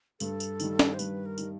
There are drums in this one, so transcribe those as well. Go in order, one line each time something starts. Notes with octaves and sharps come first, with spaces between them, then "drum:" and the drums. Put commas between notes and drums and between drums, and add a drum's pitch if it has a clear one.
G2 A4, drum: tambourine
drum: tambourine
D#3 G3, drum: tambourine
drum: snare
C5
G2 B4, drum: tambourine
A#4
D#3 G3, drum: tambourine